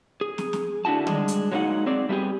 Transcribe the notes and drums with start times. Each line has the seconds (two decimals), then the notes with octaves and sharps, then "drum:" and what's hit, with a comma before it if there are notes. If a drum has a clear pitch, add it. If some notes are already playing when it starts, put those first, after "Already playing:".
0.21 G#4
0.38 drum: snare
0.53 drum: snare
0.85 D3 D4 E4 F#4 A5
1.07 G3 G#3 D4 G#4, drum: tom D3
1.28 drum: hi-hat
1.52 F#3 G#3 A#3 B3 D#4 F#5
1.86 C4 G#4 D5
2.09 G3 A3 B3 D#4 G4 G#4